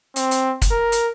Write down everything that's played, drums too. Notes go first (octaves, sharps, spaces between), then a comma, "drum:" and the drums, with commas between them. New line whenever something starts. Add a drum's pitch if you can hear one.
C4, drum: hi-hat
drum: hi-hat
drum: kick, hi-hat
A#4
drum: hi-hat